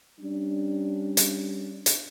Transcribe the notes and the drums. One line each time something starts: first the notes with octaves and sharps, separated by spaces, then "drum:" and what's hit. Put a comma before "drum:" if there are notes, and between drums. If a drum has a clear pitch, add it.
G3 C#4 D4
drum: hi-hat
drum: hi-hat